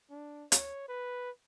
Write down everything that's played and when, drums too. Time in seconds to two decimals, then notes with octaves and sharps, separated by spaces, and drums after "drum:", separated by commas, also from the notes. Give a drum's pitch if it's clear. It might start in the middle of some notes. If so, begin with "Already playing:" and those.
0.11 D4
0.52 C#5, drum: hi-hat
0.89 B4